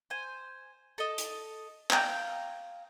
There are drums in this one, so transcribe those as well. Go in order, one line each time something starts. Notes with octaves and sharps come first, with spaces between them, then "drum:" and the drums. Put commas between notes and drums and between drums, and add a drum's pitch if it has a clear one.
C5 G#5
A4 D#5
drum: hi-hat
F5 G5 A#5, drum: clap